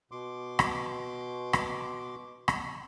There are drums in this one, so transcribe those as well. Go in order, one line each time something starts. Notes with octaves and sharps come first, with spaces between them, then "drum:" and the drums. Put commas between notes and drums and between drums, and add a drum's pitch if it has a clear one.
B2 C6 D6
drum: rim click
drum: rim click
drum: rim click